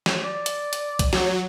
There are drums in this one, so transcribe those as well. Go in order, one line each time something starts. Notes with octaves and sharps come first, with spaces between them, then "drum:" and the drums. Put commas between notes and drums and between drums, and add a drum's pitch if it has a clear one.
drum: snare
D5
drum: hi-hat
drum: hi-hat
drum: kick, hi-hat
F#3, drum: snare